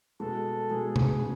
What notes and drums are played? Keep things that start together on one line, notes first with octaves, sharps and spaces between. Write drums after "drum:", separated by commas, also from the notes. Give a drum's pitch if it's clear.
B2 G#3 B3 A4
B2 G#3 B3 G#4
drum: tom
C#3 F#3